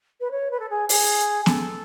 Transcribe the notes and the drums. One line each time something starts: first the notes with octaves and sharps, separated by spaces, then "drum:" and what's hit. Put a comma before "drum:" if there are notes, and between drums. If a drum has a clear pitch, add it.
B4
C#5
B4
A4
G#4
G#4, drum: open hi-hat
A4, drum: snare